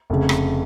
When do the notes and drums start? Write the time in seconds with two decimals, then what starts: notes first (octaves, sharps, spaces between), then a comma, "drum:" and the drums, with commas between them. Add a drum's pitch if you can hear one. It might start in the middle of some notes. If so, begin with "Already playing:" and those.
0.10 F1 C#3
0.29 drum: rim click